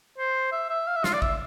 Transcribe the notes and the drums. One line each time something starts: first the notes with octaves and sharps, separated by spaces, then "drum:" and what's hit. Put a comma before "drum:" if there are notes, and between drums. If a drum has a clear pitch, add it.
C5
E5
E5
F5
E5
F4, drum: snare
D5
E5, drum: kick